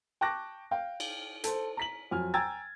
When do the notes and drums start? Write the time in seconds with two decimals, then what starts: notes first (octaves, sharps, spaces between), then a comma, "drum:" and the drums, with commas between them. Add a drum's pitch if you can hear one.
0.21 G5 A5 C#6 D6 F#6 A#6
0.71 F5 G5
1.00 drum: cymbal
1.44 A4 C5, drum: hi-hat
1.77 A#5 B6 F#7
2.11 F2 F#3 G#5 F6
2.34 G5 G#5 A#5 E6 G#6 A6